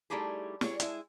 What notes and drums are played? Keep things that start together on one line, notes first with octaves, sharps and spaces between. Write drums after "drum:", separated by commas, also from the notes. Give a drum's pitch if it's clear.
G3 A3 D#4 E4 G4 G#4
G3 G#4 C#5, drum: snare
G#3 E4, drum: hi-hat